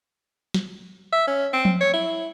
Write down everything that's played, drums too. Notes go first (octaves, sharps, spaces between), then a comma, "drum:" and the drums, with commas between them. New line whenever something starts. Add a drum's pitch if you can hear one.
drum: snare
E5
C#4
C4
drum: tom F3
C#5
E4